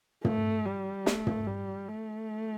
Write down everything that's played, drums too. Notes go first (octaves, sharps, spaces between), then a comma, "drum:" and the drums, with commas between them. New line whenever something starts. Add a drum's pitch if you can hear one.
A3, drum: tom
G3
A3, drum: snare
drum: tom
G3
A3